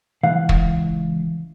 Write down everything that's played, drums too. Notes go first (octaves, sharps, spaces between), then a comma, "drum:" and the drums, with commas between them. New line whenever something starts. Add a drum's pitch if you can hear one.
C#2 E3 F5 F#5
drum: kick